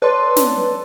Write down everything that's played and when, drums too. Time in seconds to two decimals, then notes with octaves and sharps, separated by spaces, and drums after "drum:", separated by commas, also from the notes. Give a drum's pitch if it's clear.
0.02 A4 B4 C#5 D5 C6
0.36 drum: snare